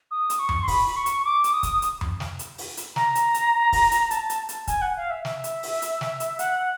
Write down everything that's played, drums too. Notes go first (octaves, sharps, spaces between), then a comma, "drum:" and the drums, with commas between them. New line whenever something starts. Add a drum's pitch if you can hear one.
D#6
drum: hi-hat
C#6
drum: tom F2
C6
B5, drum: kick, open hi-hat
C#6
drum: hi-hat
D6
drum: hi-hat
D#6
drum: kick, hi-hat
drum: hi-hat
drum: tom F2
drum: snare
drum: hi-hat
drum: open hi-hat
drum: hi-hat
A#5, drum: snare
drum: hi-hat
drum: hi-hat
drum: kick, open hi-hat
drum: hi-hat
A5, drum: hi-hat
drum: hi-hat
drum: hi-hat
G#5, drum: kick, hi-hat
F#5
F5
E5
E5, drum: snare
drum: hi-hat
drum: open hi-hat
drum: hi-hat
drum: snare
drum: hi-hat
F#5, drum: hi-hat